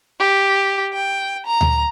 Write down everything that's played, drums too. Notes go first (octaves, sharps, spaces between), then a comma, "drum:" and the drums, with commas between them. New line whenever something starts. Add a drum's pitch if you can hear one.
G4
G5
A#5
drum: tom D2